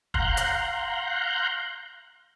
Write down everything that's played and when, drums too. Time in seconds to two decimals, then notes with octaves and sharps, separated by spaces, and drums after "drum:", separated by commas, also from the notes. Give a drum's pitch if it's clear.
0.14 F5 F#5 A#5 C6 F#6 G6, drum: kick
0.37 drum: hi-hat